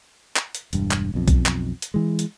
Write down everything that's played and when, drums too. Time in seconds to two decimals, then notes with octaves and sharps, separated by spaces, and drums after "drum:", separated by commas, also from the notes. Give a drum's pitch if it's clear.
0.36 drum: clap
0.55 drum: hi-hat
0.73 E1 G2, drum: hi-hat
0.91 drum: clap
1.14 B1 F2
1.28 drum: kick B1, hi-hat
1.46 drum: clap
1.82 drum: hi-hat
1.94 E3 G#3
2.19 drum: hi-hat